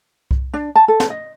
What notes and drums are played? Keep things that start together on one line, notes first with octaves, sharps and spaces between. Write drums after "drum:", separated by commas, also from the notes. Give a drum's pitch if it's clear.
drum: kick C2
D4
A5
A4
drum: snare
D#5